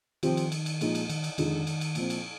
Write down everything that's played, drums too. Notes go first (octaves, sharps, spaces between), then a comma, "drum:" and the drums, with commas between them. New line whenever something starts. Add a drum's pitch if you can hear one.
D#3 F3 C4 G4, drum: cymbal
drum: cymbal
drum: cymbal
drum: cymbal
A#2 F3 G#3 D#4, drum: cymbal
drum: cymbal
D#3, drum: cymbal
drum: cymbal
F2 D3 D#3 G#3 D#4, drum: cymbal
drum: cymbal
drum: cymbal
A#2 F3 C4, drum: cymbal
drum: cymbal